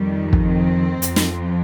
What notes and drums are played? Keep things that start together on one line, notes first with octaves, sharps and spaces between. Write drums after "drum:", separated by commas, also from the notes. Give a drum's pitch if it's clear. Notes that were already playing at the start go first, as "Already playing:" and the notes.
Already playing: F2 D#3 G3
drum: kick
C4
F2 F3, drum: hi-hat
drum: snare